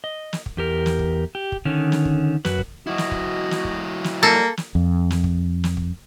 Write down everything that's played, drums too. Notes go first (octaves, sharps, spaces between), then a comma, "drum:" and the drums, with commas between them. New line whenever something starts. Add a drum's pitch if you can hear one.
D#5
drum: snare
drum: kick
E2 G4 A#4
drum: snare
drum: kick
G4
drum: kick
D3 D#3 C#4
drum: snare
drum: kick
F#2 F#4 B4, drum: snare
drum: kick
F#3 E4 F#4 D#5
drum: snare
drum: kick
drum: snare
drum: kick
drum: snare
G3 A#3 A4
drum: snare
F2
drum: snare
drum: kick
drum: snare
drum: kick